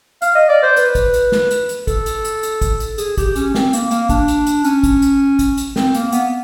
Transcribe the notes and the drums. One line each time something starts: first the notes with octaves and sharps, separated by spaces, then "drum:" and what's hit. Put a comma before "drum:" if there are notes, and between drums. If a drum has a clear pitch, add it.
F5, drum: hi-hat
D#5
D5
C5
B4, drum: hi-hat
drum: kick, hi-hat
drum: hi-hat
drum: snare
drum: hi-hat
drum: hi-hat
A4, drum: kick, hi-hat
drum: hi-hat
drum: hi-hat
drum: hi-hat
drum: kick, hi-hat
drum: hi-hat
G#4, drum: hi-hat
G4, drum: kick, hi-hat
C#4, drum: hi-hat
C4, drum: snare
A#3, drum: hi-hat
A#3, drum: hi-hat
D4, drum: kick, hi-hat
drum: hi-hat
drum: hi-hat
C#4, drum: hi-hat
drum: kick, hi-hat
drum: hi-hat
drum: kick, hi-hat
drum: hi-hat
C4, drum: snare
A#3, drum: hi-hat
B3, drum: hi-hat